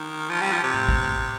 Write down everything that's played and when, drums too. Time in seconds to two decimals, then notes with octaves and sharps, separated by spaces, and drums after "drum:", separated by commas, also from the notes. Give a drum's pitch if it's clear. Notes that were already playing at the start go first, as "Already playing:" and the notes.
Already playing: D#3
0.29 F3
0.41 G3
0.53 F3
0.64 C3
0.74 drum: tom A2
0.89 drum: kick
1.03 drum: tom A2